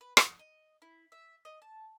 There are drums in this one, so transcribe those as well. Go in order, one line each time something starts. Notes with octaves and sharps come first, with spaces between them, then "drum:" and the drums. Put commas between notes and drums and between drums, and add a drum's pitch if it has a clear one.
B4
F#5, drum: rim click
D#5
E4
E5
D#5
A5